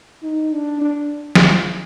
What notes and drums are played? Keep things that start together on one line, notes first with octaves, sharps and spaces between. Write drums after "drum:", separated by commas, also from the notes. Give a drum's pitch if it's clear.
D#4
D4
D4
drum: snare F3